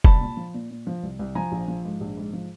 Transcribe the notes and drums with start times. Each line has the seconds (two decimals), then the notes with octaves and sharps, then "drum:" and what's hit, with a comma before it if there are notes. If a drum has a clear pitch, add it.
0.05 C2 A5 B5, drum: kick
0.21 A#2
0.37 F3
0.54 A#2
0.71 A#2
0.87 F3
1.03 C2
1.19 C2
1.35 F3 G#5 A#5
1.52 A#1
1.68 F3
1.85 G#2
2.01 A#1
2.17 G#2
2.33 F3